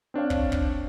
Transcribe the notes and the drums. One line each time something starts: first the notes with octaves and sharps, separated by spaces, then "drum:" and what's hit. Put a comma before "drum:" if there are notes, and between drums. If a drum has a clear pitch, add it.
C4 D4 C#5 F5
drum: kick
drum: kick